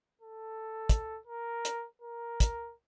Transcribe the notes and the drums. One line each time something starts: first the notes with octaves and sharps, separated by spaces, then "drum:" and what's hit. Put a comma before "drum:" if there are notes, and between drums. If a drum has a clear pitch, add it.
A4
drum: kick, hi-hat
A#4
drum: hi-hat
A#4
drum: kick, hi-hat